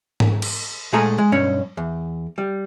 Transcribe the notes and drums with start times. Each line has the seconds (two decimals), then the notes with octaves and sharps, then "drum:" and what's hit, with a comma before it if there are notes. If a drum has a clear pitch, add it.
0.20 drum: tom G#2
0.42 drum: cymbal
0.93 A#2 G#3 A3 G#4 G#5 A#5
1.18 G#3
1.32 B1 G2 C#4 C#5
1.77 E2
2.38 G3